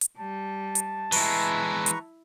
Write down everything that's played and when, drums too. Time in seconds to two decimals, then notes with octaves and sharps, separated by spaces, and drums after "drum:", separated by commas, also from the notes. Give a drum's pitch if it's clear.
0.01 drum: hi-hat
0.18 G3 A5
0.75 drum: hi-hat
1.12 E3 G#3 E4 B4 A#5 C#6, drum: open hi-hat
1.86 drum: hi-hat